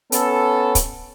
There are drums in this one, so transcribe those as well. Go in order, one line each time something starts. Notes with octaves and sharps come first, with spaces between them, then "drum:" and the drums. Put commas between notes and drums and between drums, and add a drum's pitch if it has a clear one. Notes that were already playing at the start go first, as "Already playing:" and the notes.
B3 C#4 A4, drum: hi-hat
drum: kick, hi-hat